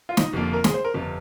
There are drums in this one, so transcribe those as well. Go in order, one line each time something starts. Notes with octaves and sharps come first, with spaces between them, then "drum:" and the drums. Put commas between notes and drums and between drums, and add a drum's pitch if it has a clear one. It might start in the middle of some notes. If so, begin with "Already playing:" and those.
F4
D#4, drum: snare
F1 F2 D3 F3 A#3
A#4
G#4, drum: snare
C5
A#4
G1 F2 C3